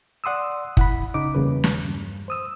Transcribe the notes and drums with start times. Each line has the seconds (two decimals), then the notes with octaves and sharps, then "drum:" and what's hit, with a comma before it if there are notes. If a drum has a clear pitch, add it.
0.24 D5 F#5 C6 D#6 E6
0.77 E4 F#5 B5, drum: kick
1.14 C#3 D#4 D6
1.34 E2 C#3 G3 A#3 B4
1.64 drum: snare
1.84 G2
2.28 C5 D#6 E6